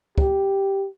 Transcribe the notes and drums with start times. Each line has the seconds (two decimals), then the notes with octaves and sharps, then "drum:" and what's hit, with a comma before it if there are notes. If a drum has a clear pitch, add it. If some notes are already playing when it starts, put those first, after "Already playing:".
0.18 G4, drum: kick